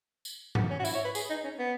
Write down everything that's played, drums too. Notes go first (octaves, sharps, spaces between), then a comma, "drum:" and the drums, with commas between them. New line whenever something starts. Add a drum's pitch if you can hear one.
drum: tambourine
B3, drum: tom G#2
C#4
F#4
E4, drum: tambourine
C#5
B4
G#4, drum: tambourine
D#4
C#4
B3